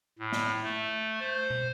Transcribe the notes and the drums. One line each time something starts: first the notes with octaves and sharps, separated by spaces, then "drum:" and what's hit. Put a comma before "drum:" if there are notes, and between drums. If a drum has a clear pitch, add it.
A2
drum: snare
A3
C5
drum: tom B2